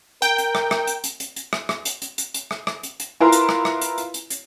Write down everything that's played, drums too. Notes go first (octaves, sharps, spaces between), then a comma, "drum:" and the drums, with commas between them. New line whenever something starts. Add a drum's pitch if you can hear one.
A#4 G5, drum: hi-hat
drum: hi-hat
drum: rim click
drum: rim click
drum: hi-hat
drum: hi-hat
drum: hi-hat
drum: hi-hat
drum: rim click
drum: rim click
drum: hi-hat
drum: hi-hat
drum: hi-hat
drum: hi-hat
drum: rim click
drum: rim click
drum: hi-hat
drum: hi-hat
E4 F4 A#4 B4 A#5 C6
drum: hi-hat
drum: rim click
drum: rim click
drum: hi-hat
drum: hi-hat
drum: hi-hat
drum: hi-hat